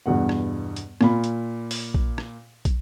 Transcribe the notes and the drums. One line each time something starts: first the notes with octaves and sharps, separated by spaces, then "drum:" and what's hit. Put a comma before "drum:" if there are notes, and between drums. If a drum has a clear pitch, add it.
E2 G2 B2 F#5
drum: rim click
drum: hi-hat
A#2 F4 B5, drum: rim click
drum: hi-hat
drum: open hi-hat
drum: kick
drum: rim click
drum: kick, hi-hat